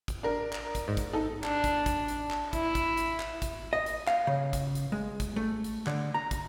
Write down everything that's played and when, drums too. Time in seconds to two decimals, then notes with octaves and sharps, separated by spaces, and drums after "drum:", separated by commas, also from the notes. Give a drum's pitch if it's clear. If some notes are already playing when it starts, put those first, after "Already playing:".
0.08 drum: kick, hi-hat
0.23 D4 A#4
0.53 drum: clap
0.75 drum: kick, hi-hat
0.88 G#2
0.97 drum: kick, hi-hat
1.13 D#4 A4
1.44 D4, drum: clap
1.64 drum: kick, hi-hat
1.86 drum: kick, hi-hat
2.08 drum: hi-hat
2.31 drum: clap
2.53 E4, drum: kick, hi-hat
2.75 drum: kick, hi-hat
2.97 drum: hi-hat
3.20 drum: clap
3.42 drum: kick, hi-hat
3.73 D#5
3.86 drum: hi-hat
4.07 F5, drum: clap
4.27 C#3
4.53 drum: kick, hi-hat
4.75 drum: hi-hat
4.92 G#3
5.20 drum: kick, hi-hat
5.36 A3
5.64 drum: hi-hat
5.87 D3, drum: clap
6.14 A#5
6.31 drum: kick, hi-hat